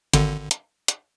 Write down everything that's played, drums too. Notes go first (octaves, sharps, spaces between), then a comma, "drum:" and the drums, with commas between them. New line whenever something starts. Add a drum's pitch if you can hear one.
G#1 D3, drum: hi-hat
drum: hi-hat
drum: hi-hat